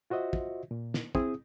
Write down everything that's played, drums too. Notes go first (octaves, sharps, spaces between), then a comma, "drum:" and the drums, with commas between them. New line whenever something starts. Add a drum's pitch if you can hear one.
F4 F#4 C5 D#5 E5
drum: kick
A#2
drum: snare
C4 E4 G#4 D#6, drum: kick